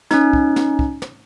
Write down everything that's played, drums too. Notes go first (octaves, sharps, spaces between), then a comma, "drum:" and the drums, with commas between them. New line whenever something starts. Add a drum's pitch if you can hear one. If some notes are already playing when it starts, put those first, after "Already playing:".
C#4 D#4, drum: snare
drum: kick
drum: snare
drum: kick
drum: snare